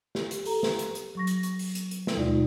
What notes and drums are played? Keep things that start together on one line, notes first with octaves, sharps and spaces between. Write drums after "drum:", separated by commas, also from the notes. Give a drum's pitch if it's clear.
G4, drum: snare
drum: hi-hat
A4 A#5, drum: open hi-hat
drum: snare
drum: hi-hat
drum: hi-hat
F#3 C#6 A#6
drum: hi-hat
drum: hi-hat
drum: open hi-hat
drum: hi-hat
drum: hi-hat
drum: snare
D#2 B2 G#3 D#4 F4 D5